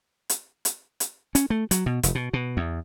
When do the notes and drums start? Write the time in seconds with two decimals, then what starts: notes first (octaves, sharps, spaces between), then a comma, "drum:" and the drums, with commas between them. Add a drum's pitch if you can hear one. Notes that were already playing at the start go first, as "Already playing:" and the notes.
0.29 drum: hi-hat
0.65 drum: hi-hat
1.00 drum: hi-hat
1.35 C#4, drum: hi-hat
1.50 A3
1.71 F#3, drum: hi-hat
1.86 B2
2.03 F1, drum: hi-hat
2.15 B2
2.33 B2
2.57 E2